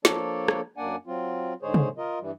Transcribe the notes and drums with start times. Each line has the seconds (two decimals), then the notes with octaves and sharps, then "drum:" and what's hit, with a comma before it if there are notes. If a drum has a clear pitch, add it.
0.05 F3 A#3 D4 A4 C#5 D5, drum: snare
0.48 drum: rim click
0.77 F#2 A#3 D4 D5 F#5 G#5
1.07 F#3 C4 F4
1.62 G#2 D3 G#3 G#4 C5 C#5
1.74 drum: tom C3
1.98 F4 A#4 D#5
2.21 G2 E3 G3